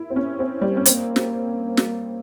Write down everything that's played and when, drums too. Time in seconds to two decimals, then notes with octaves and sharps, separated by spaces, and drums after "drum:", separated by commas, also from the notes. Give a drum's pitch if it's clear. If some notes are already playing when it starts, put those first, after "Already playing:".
Already playing: E4
0.10 C4
0.16 C#4
0.39 C4
0.62 G3
0.77 C#4
0.86 A#3 C4, drum: hi-hat
1.16 drum: snare
1.77 drum: snare